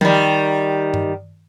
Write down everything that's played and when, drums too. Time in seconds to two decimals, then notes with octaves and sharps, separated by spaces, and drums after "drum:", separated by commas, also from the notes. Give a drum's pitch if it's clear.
0.01 D#3 G3, drum: tom F3
0.94 drum: tom G2